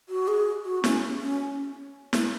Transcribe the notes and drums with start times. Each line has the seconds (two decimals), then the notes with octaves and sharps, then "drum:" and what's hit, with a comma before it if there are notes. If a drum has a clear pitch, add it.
0.09 F#4
0.28 G#4
0.65 F#4
0.84 C#4, drum: snare
1.21 C#4
2.13 drum: snare